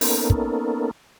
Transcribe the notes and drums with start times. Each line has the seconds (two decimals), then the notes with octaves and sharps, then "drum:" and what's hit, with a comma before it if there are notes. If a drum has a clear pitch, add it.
0.01 A#3 B3 C#4 D#4 A4 A#4, drum: open hi-hat
0.30 drum: kick